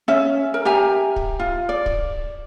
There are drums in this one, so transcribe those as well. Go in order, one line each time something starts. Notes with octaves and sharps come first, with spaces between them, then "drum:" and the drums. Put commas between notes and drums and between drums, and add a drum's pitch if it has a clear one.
C#4 E5
A#4
G4 E5 G#5 A#5
drum: kick
F4
D5
drum: kick